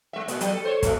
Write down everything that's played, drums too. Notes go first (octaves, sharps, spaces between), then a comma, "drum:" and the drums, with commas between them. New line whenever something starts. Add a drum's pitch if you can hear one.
G#3 E5
A#2, drum: hi-hat
F#3, drum: hi-hat
A4
C5 C#5
A#2 E3 A3, drum: kick, hi-hat